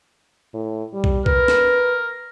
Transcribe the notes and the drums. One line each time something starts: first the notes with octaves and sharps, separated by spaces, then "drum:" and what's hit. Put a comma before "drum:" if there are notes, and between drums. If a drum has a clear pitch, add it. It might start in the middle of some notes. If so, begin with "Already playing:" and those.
A2
G3
drum: kick
A#4 B4, drum: kick
drum: snare